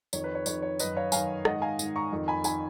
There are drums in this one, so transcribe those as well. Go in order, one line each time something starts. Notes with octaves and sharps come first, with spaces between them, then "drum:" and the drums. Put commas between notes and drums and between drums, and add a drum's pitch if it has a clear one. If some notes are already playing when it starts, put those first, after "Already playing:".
F2 D#3 C#5, drum: tambourine
B4
C#5
F2 D#3 C#5, drum: tambourine
C#5
F#2 D#3 B4 D#5, drum: tambourine
C#5 F5
F#2 D#3 F5 G#5, drum: tambourine
G#2 D#3 D#5 F#5, drum: rim click
F5 G#5
G#2 D#3, drum: tambourine
A#5 C#6
F2 D#3
G#5 B5
D#3 G#5 B5, drum: tambourine